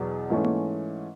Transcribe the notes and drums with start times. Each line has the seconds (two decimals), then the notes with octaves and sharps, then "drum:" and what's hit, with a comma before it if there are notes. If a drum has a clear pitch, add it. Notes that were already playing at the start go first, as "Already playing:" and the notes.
Already playing: E2 B2 F#3
0.30 G#2 E3 A3 C#4
0.44 drum: tom A#3